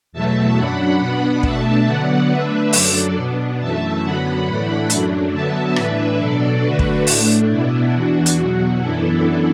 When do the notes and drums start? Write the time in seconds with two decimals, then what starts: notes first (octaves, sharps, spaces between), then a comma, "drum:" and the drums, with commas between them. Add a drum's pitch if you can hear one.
0.13 E2 B2 F#3 A3 E5 A5
0.56 F#2 F#3 D4 F#5 B5
0.99 B2 B3 D4
1.43 B2 A3 D4 E5 A5, drum: kick
1.86 D3 F#3 B3 D5 F#5
2.30 D3 A3 D4 B4 E5
2.73 F#2 F#3 D4 A4 D5, drum: open hi-hat
3.16 B2 B3 D4
3.59 F#2 E3 A3 E5 A5
4.03 F#2 D3 F#3 B3 F#5 B5
4.47 A2 E3 A3 D4
4.90 F#2 F#3 A3 D4, drum: hi-hat
5.33 D3 F#3 B3 E5 A5
5.76 A2 E3 D4 B4 E5, drum: rim click
6.19 B2 F#3 D4 A4 D5
6.63 D3 A3 D4 F#4 B4
6.79 drum: kick
7.07 A2 A3 D4, drum: open hi-hat
7.49 B2 B3 D4 E4
7.93 E2 E3 D4 F#4
8.26 drum: hi-hat
8.36 E2 B2 F#3
8.80 F#2 E3 B3 D4 E4 A4